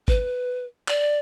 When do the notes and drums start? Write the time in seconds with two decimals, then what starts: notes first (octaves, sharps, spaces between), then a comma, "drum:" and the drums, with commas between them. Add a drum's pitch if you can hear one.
0.08 B4, drum: kick G1
0.88 D5, drum: clap